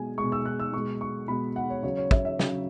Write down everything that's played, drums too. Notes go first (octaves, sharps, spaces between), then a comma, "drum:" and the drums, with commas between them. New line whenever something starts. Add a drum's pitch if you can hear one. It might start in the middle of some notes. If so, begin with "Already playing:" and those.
Already playing: B2 G#3 G#5
G#3 C#6
B2
E6
F#6
E6
B2 G#3 C#6
C#6
B2 G#3 B5
F#5
C#5
C#3 F#3 C#5
C#5
E5, drum: kick
E5
C#3 F#3, drum: snare